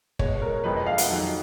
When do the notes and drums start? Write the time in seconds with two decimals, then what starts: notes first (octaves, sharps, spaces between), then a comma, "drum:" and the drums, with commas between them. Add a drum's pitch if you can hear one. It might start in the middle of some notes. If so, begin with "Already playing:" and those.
0.19 B2 G#3 C#5, drum: kick
0.42 A#4
0.64 F2 F3 G#3 B4
0.75 D#5
0.86 F5
0.98 F#5, drum: hi-hat
1.09 F2 D#3 F#3